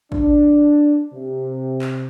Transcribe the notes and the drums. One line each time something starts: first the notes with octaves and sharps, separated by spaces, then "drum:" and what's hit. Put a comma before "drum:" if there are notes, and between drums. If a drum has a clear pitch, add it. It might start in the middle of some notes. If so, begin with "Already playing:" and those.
D4, drum: kick
C3
drum: clap